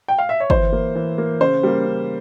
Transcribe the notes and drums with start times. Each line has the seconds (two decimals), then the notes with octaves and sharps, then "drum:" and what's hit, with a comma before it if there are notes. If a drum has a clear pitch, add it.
0.08 G5
0.18 F5
0.29 E5
0.40 C#5
0.50 E3 C5, drum: kick
0.72 A#3
0.95 E3
1.18 A#3
1.40 C#3 C5
1.63 G3 A#3
1.86 C#3